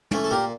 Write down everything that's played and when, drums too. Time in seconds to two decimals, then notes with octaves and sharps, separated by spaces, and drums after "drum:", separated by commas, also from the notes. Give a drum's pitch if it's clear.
0.11 E3 A3 C#4, drum: tom
0.24 A4
0.31 A#2 G4 A#4